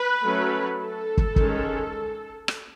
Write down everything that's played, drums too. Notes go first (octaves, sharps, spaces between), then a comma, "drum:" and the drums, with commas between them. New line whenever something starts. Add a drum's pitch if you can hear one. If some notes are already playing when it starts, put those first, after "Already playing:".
Already playing: B4
F#3 A3 C#4
A4
drum: kick
D#3 G#3 C#4, drum: kick
drum: rim click